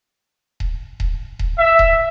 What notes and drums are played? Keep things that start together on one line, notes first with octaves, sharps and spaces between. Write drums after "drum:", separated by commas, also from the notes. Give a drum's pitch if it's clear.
drum: kick D#1
drum: kick D#1
drum: kick D#1
E5
drum: kick D#1